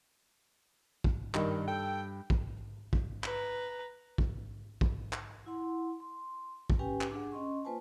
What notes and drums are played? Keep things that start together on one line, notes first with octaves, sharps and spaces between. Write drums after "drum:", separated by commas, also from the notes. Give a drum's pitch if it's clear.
drum: kick
G2 D#3, drum: clap
A4 G5
drum: kick
drum: kick
B4 A#5, drum: clap
drum: kick
drum: kick
drum: clap
E4 F#5 C6
C6
drum: kick
C#4 G4 B4 G5 G#5
drum: clap
D4 G#4 F#5
C#4 D#5 C6 C#6
A#3 F4 B4 C5 G#5 A5